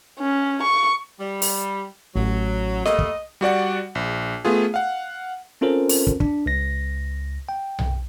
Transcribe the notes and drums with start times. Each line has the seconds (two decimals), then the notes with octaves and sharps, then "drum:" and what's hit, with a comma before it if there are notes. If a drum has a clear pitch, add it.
0.19 C#4
0.63 C#6
1.20 G3
1.42 drum: open hi-hat
2.16 A1 F#3
2.85 G3 A3 A#3 D#5, drum: snare
2.99 drum: kick
3.41 G3 F#4 D5 F#5
3.95 A#1
4.45 A3 B3 F4 G#4
4.74 F5 F#5
5.61 C4 C#4 F4 A4 A#4 C5
5.89 drum: open hi-hat
6.07 drum: kick
6.20 D4, drum: kick
6.46 C#2 A#6
7.49 G5
7.79 drum: tom B1